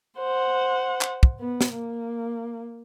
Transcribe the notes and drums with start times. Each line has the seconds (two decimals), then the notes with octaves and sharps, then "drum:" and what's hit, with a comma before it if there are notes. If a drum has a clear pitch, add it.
0.18 C5 F#5
1.01 drum: clap
1.23 drum: kick
1.40 B3
1.61 drum: snare
1.73 A#3